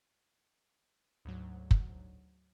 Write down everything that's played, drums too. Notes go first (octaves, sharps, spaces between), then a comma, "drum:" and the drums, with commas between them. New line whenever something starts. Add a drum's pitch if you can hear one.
D2 G#2 F#3
drum: kick